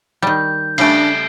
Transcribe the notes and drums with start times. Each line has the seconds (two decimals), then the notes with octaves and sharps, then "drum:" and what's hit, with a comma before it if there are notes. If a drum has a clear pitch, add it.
0.22 D#3 G3 G6
0.78 C#3 G3 A3 D4 C7 D7, drum: cymbal